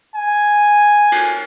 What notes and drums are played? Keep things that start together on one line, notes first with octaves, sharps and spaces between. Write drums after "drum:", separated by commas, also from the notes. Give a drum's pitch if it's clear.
G#5
drum: cymbal